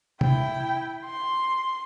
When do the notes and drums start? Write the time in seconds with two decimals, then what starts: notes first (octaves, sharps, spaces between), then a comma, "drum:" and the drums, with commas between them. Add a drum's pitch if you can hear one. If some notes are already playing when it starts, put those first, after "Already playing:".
0.21 E4 G5, drum: tom C3
1.05 C6